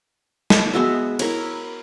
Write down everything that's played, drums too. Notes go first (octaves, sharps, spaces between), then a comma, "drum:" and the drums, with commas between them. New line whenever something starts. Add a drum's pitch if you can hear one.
drum: snare
G#3 B3 F#4 E5
E4 A#4 C#5, drum: cymbal